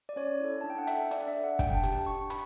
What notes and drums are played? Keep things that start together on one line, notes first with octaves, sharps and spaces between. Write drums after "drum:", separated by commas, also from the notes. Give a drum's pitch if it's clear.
D5
C#4 C#5
E4 A4
D4 A5
G5
F#5
A4 E5, drum: hi-hat
D4 D5, drum: hi-hat
E5
A4
F#5
D4 G5, drum: kick, hi-hat
A5
G4, drum: hi-hat
D4 C#6
B5, drum: hi-hat